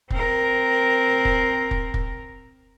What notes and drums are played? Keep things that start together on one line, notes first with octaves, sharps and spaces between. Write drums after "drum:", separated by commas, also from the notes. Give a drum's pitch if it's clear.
C4 A#4, drum: kick
drum: kick
drum: kick
drum: kick